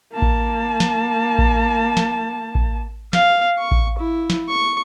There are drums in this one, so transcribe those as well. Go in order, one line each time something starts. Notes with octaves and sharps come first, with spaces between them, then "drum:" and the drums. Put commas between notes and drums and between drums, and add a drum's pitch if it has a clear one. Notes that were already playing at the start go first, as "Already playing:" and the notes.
A#3 A5
drum: kick A1
drum: snare
drum: kick A1
drum: snare
drum: kick A1
F5, drum: snare
C#6
drum: kick A1
E4
drum: snare
C#6